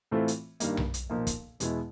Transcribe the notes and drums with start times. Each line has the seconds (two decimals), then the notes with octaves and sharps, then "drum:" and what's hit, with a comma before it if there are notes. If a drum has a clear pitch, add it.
0.11 A2 E3 A3 C4 F4
0.28 drum: hi-hat
0.60 G2 D#3 G3 A#3, drum: hi-hat
0.77 drum: tom B1
0.94 drum: hi-hat
1.10 B1 A#2 F3 A#3
1.27 drum: kick, hi-hat
1.60 E2 B2 G#3 B3 E4, drum: hi-hat